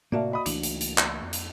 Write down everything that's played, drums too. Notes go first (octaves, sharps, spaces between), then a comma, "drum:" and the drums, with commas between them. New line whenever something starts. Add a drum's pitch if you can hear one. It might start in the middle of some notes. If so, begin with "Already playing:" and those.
A2 C3 A#3 F#4 D5 E5 F5 A5
D#5 B5 D#6
C#2 E3 A3 D4 F#7, drum: hi-hat
drum: hi-hat
drum: hi-hat
drum: clap
F2
drum: hi-hat